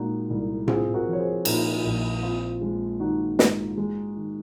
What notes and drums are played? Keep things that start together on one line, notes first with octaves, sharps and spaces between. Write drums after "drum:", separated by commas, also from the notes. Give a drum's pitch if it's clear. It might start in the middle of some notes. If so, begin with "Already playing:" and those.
Already playing: A#2 G#3 D#4 F4 F#4
C2
C4 F4 G#4, drum: tom A2
F#4 A#4
F3
C#5
G#4 C5
A#2 D#4, drum: cymbal
A#1
C4 F4
G#3
D#3 D#4 F#4
G#2, drum: snare
G#3
D#3